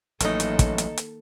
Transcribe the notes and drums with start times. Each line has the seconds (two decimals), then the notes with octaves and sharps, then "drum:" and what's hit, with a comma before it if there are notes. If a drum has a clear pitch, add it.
0.20 A1 D#3 F#3 A3 A#3 D#4 A4, drum: hi-hat
0.40 drum: hi-hat
0.59 drum: kick, hi-hat
0.78 drum: hi-hat
0.98 drum: hi-hat